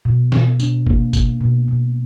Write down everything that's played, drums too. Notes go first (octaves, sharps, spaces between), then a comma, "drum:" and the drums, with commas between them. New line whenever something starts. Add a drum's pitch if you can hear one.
B2
B2, drum: snare
D4, drum: tambourine
A#3, drum: kick F#1
B2, drum: kick F#1, tambourine
B2
B2